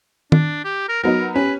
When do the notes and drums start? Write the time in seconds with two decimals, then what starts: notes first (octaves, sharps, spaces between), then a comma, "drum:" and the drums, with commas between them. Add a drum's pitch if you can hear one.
0.32 D4, drum: tom D#3
0.64 G4
0.89 A#4
1.03 F#3 B3 D#4 A#4
1.35 C#4 G4 B4